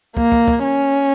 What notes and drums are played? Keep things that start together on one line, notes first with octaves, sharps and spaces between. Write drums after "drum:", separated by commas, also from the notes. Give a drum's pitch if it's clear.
A#3, drum: kick
drum: kick
drum: kick
C#4